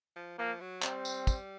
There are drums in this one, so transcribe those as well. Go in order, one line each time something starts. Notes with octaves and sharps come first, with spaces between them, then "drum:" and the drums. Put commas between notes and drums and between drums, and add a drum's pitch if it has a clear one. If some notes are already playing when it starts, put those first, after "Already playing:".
F3
F3 A#3
F#3
G3 C4, drum: clap
drum: tambourine
drum: kick, tambourine